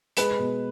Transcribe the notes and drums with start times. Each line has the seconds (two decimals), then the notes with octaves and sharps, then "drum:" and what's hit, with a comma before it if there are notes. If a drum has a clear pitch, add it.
0.17 G#3 B4, drum: hi-hat
0.39 B2